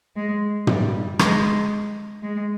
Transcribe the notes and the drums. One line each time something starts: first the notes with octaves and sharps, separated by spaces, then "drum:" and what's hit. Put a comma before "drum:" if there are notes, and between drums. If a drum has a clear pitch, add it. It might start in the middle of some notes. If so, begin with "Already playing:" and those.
G#3
G3, drum: tom
G#3, drum: rim click
G#3